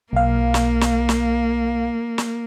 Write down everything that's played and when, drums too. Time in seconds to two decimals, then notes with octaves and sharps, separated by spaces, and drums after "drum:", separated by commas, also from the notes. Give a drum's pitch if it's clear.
0.13 B1 A#3 F5
0.54 drum: snare
0.81 drum: snare
1.09 drum: snare
2.18 drum: snare